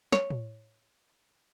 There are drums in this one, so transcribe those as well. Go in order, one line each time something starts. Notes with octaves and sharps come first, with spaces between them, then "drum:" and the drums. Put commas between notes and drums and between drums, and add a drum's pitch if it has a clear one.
C#5, drum: snare
drum: tom A2